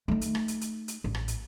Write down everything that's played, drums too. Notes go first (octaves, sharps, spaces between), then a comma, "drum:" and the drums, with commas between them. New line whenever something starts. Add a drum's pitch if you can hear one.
A3 D#4
drum: hi-hat
drum: rim click
drum: hi-hat
drum: hi-hat
drum: hi-hat
A1
drum: rim click
drum: hi-hat